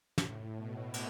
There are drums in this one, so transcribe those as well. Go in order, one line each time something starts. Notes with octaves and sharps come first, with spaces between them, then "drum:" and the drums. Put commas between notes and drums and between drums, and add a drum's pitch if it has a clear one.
A2, drum: snare
B2
drum: cymbal